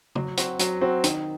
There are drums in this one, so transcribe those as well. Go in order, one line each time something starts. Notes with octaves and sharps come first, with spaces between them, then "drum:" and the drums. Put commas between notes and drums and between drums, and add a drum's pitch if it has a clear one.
F#3, drum: tom
C4 F#4, drum: hi-hat
F#3, drum: hi-hat
C4 F#4
D#3, drum: hi-hat